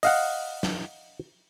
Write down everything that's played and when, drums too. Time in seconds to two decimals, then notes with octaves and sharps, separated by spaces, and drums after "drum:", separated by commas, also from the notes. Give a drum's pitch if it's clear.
0.03 D#5 F5 F#5, drum: open hi-hat
0.63 drum: snare